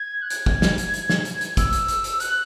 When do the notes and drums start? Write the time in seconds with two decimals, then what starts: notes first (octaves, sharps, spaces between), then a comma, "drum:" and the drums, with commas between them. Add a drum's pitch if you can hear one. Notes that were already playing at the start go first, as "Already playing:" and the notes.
Already playing: G#6
0.22 F#6
0.30 G#6, drum: hi-hat
0.46 drum: kick
0.62 drum: snare
0.78 drum: hi-hat
0.94 drum: hi-hat
1.10 drum: snare
1.25 drum: hi-hat
1.41 drum: hi-hat
1.57 E6, drum: kick, hi-hat
1.73 drum: hi-hat
1.88 drum: hi-hat
2.04 drum: hi-hat
2.20 F#6, drum: hi-hat